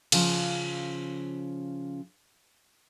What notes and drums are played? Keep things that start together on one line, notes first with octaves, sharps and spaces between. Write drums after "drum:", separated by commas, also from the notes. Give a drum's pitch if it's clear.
C#3 F3, drum: cymbal